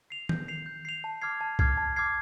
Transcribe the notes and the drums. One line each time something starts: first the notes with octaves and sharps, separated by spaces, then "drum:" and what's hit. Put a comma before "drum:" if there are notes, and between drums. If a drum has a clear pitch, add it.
C7 F7
G6, drum: tom D#3
C7 F7
G6
C7 F7
A5
D6 F6 G#6 C7
A5
D6 F6 G#6 C7, drum: kick C2
A5
D6 F6 G#6 C7